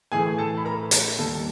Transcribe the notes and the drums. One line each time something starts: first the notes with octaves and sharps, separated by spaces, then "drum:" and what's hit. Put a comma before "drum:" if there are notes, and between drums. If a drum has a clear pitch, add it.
A2 E3 A3 G#4 G#5
A4 A5
B5
A#4 A#5
A#4 A#5, drum: hi-hat
D#2 D#3 G3 A#3 A4 A5